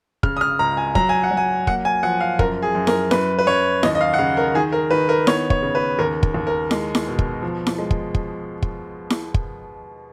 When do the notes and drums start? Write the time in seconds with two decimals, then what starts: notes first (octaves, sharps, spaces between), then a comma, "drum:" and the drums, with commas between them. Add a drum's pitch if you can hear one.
0.23 C#3 F6, drum: kick
0.37 D#6
0.41 F6
0.59 C#2 A#5
0.77 G#5
0.95 F#3 A#5, drum: kick
1.09 G#5
1.23 F#5
1.31 F#3
1.37 G#5
1.67 A#3 F#5, drum: kick
1.85 G#5
2.03 F3 F#5
2.21 F5
2.39 F#2 A#4, drum: kick
2.62 G#4
2.75 F#2
2.87 A#4, drum: snare E4
3.11 F#2 B4, drum: snare E4
3.39 B4
3.47 F#2 C#5
3.83 D#2 D#5, drum: snare E4
3.95 D#5
4.01 F5
4.14 F#5
4.18 C#3 F5
4.37 A#4
4.54 D#3 G#4
4.72 A#4
4.91 D#3 B4
5.09 A#4
5.27 B3 C#5, drum: snare E4
5.50 C#5, drum: kick
5.62 C#3
5.75 B4
5.99 D#2 A#4
6.23 drum: kick
6.34 D#2
6.47 A#4
6.71 G#3, drum: snare E4
6.95 drum: snare E4
7.07 B2
7.19 drum: kick
7.42 F3
7.67 drum: snare E4
7.78 G#3
7.91 drum: kick
8.14 drum: kick
8.62 drum: kick
9.10 drum: snare E4
9.34 drum: kick